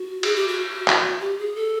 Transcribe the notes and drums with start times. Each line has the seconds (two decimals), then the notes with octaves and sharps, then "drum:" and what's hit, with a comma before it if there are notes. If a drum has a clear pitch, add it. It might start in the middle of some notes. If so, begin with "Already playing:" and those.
Already playing: F#4
0.23 G#4, drum: cymbal
0.36 G4
0.48 F#4
0.88 drum: clap
1.20 G4
1.39 G#4
1.56 A4